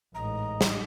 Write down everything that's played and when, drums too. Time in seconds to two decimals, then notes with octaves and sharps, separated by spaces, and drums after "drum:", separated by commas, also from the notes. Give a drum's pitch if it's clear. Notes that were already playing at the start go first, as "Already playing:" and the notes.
0.15 A1 G#2 D#5 A#5
0.61 drum: snare